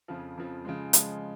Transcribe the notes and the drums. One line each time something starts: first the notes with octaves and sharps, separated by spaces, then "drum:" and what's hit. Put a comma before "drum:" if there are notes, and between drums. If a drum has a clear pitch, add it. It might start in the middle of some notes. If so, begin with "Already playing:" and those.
F2 C#3 F3
F2 C#3 F3
C#3 F3 G#3
C#3 F3 G#3, drum: hi-hat